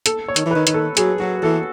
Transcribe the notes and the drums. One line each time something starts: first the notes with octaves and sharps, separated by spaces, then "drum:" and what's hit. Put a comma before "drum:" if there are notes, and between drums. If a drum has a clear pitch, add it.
A4, drum: hi-hat
C#5
D#3, drum: hi-hat
E3
D#3 B4
D#3, drum: hi-hat
A4
F#3 G#4, drum: hi-hat
F#3 F#4
E3 A4